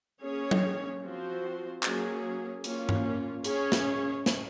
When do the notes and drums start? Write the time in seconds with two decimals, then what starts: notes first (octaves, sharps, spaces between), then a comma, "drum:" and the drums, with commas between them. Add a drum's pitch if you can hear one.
0.21 A#3 C#4 G#4 C#5
0.51 drum: tom F#3
1.02 F3 C4 F#4 C5
1.83 F#3 A#3 C#4 G#4, drum: clap
2.64 A#3 C#4 F4, drum: hi-hat
2.89 drum: tom G2
3.44 C#4 G#4 C#5, drum: hi-hat
3.72 drum: snare
4.26 drum: snare